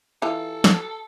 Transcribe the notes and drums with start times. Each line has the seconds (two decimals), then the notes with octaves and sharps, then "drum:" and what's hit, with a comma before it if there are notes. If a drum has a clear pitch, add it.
0.22 E3 F4 A4
0.64 drum: snare